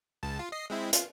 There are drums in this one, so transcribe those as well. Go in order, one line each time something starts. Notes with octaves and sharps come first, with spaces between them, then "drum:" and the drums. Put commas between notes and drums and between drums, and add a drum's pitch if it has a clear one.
C#2 A5
F4
D#5 C7
G#3 C4 E4
F4, drum: hi-hat